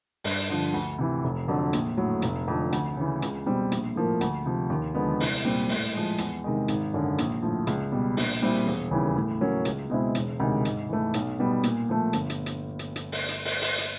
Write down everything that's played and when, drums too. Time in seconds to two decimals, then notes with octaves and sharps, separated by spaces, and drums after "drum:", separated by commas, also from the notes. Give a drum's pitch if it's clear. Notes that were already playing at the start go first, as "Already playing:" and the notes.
0.24 G2, drum: open hi-hat
0.49 D3 F3
0.74 D2
0.98 C3 E3
1.24 F1
1.48 F2 D3 F#3
1.73 A#1, drum: hi-hat
1.97 A2 F#3
2.22 F1, drum: hi-hat
2.48 F2 D3 F3
2.73 D2, drum: hi-hat
2.97 C#3 E3
3.22 C#2, drum: hi-hat
3.46 B2 G3 C4
3.72 A#1, drum: hi-hat
3.96 A2 F3 A#3
4.21 D2, drum: hi-hat
4.46 C3 F3
4.70 D#2
4.94 D3 F3 G#3 B3
5.20 C2, drum: open hi-hat
5.45 A#2 G3 C4
5.69 A2, drum: open hi-hat
5.93 F3 G#3
6.18 E2, drum: hi-hat
6.44 C3 D#3 G#3
6.68 G#1, drum: hi-hat
6.94 F#2 D3
7.18 A#1, drum: hi-hat
7.42 A2 F3
7.67 C#2, drum: hi-hat
7.92 B2 G3
8.17 A#1, drum: open hi-hat
8.42 A#2 G3 C4 E4
8.66 E1
8.91 D#2 C#3 E3 G3
9.16 A2
9.40 F#3 A#3 C#4
9.65 C#2, drum: hi-hat
9.90 B2 G#3 C4 E4
10.15 E1, drum: hi-hat
10.39 D2 C3 D#3 G#3
10.65 G#2, drum: hi-hat
10.89 E3 A3
11.14 B1, drum: hi-hat
11.39 B2 G3 B3
11.63 A#2, drum: hi-hat
11.89 F3 A3
12.13 G1, drum: hi-hat
12.30 drum: hi-hat
12.46 drum: hi-hat
12.79 drum: hi-hat
12.96 drum: hi-hat
13.12 drum: open hi-hat
13.29 drum: hi-hat
13.45 drum: open hi-hat
13.62 drum: open hi-hat
13.78 drum: hi-hat